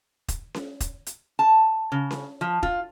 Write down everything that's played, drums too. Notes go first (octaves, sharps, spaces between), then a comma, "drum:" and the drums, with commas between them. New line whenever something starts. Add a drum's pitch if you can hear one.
drum: kick, hi-hat
drum: snare C#4
drum: kick, hi-hat
drum: hi-hat
A5
C#3
drum: snare C#4
F3
F4, drum: kick